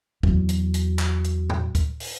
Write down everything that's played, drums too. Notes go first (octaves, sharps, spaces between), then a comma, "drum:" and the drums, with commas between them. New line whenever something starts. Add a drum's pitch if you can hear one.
E2 F#3, drum: kick
drum: hi-hat
drum: hi-hat
drum: clap
drum: hi-hat
drum: tom G2
drum: kick, hi-hat
drum: open hi-hat